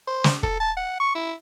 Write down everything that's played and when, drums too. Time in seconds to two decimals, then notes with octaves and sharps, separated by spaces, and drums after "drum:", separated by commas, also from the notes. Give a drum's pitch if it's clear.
0.07 C5
0.24 drum: snare
0.43 A4, drum: kick
0.60 A5
0.77 F#5
1.00 C#6
1.15 E4